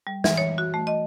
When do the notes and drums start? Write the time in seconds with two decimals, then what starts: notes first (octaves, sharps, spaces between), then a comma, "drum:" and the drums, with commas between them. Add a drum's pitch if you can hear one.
0.07 G3
0.24 E3, drum: snare
0.37 C#5
0.58 F#4
0.74 A3
0.87 D#5